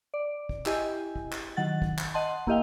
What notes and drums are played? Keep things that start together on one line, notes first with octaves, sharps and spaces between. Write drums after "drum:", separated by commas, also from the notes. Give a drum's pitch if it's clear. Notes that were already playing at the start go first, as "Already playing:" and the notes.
D5
drum: kick
E4 G4 D#5 G#5, drum: clap
drum: kick
drum: clap
D#3 F#3 F#5 A6
drum: kick
drum: clap
D#5 F#5 A5 C6
A#3 E4 G4 D#5 F5 G5, drum: kick